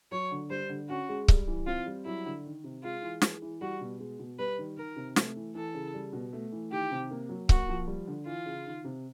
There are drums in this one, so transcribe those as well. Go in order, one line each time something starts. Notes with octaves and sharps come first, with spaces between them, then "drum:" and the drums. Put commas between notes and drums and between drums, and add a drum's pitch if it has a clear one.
F#3 C#5
D3
G3 C5
D3
C#4 F#4
G#3
G3, drum: kick C#1
E3
C4 F4
G3
F#3 E4
D3
D#3
C3
G#3 F4
E3
G#3, drum: snare
E3
G3 F#4
B2
G#3
B2
G3 B4
D#3
D#3 A#4
C3
A3, drum: snare
E3
E3 A4
C#3
G3
B2
A3
E3
D#3 G4
C3
A#3
F#3
A#3 F#4, drum: kick C#1
F3
G3
D3
E3 F4
C#3
D#3
C3